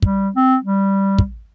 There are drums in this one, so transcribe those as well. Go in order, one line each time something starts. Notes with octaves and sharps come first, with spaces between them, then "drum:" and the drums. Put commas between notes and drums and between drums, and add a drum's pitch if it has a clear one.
G3, drum: kick
C4
G3
drum: kick